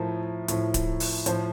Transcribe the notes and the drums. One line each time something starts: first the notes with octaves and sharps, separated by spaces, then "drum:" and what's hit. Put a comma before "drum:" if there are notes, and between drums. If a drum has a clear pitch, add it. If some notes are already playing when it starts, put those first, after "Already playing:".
Already playing: A2 F3 A#4
A2 F3, drum: hi-hat
drum: kick D1, hi-hat
drum: open hi-hat
A2 F3 C5, drum: hi-hat